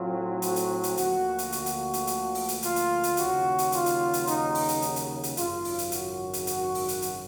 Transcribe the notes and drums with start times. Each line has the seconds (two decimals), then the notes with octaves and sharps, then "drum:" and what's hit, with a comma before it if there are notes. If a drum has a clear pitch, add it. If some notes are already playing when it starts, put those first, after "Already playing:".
Already playing: A2 F#3 A3 C4 F4
0.42 F#4, drum: hi-hat
0.56 drum: hi-hat
0.83 drum: hi-hat
0.97 D2 D3 F3 A#3 F#4, drum: hi-hat
1.38 drum: hi-hat
1.52 F#4, drum: hi-hat
1.66 drum: hi-hat
1.93 drum: hi-hat
2.07 drum: hi-hat
2.35 drum: open hi-hat
2.48 drum: hi-hat
2.63 F4, drum: hi-hat
2.76 drum: hi-hat
3.03 drum: hi-hat
3.17 D#2 C#3 F#3 F#4, drum: hi-hat
3.58 drum: hi-hat
3.72 F4, drum: hi-hat
3.86 drum: hi-hat
4.13 drum: hi-hat
4.27 D#4, drum: hi-hat
4.55 drum: open hi-hat
4.68 drum: hi-hat
4.82 drum: hi-hat
4.96 drum: hi-hat
5.23 drum: hi-hat
5.37 G#1 F#2 C#3 F#3 F4, drum: hi-hat
5.65 drum: open hi-hat
5.78 drum: hi-hat
5.92 F#4, drum: hi-hat
6.33 drum: hi-hat
6.47 F#4, drum: hi-hat
6.75 drum: open hi-hat
6.88 drum: hi-hat
7.02 drum: hi-hat